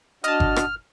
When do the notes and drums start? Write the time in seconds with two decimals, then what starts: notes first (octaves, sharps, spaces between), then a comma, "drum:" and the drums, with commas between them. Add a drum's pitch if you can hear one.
0.24 D4 F#4 D#5 A5 F6, drum: hi-hat
0.40 drum: kick G1
0.56 drum: rim click